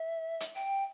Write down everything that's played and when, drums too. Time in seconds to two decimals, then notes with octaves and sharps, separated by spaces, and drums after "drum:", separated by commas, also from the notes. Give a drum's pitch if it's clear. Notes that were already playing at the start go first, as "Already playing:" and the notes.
Already playing: E5
0.40 drum: hi-hat
0.55 G5